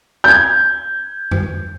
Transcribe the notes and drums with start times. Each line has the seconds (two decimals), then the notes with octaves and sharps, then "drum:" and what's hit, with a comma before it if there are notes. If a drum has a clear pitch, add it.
0.24 G6 G#6
1.31 drum: tom F2